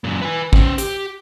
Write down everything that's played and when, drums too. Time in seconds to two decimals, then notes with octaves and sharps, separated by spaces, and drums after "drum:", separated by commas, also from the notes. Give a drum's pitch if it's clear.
0.04 F#2 A#2
0.22 B4 G#5
0.53 C#4 C5, drum: kick
0.78 G4, drum: hi-hat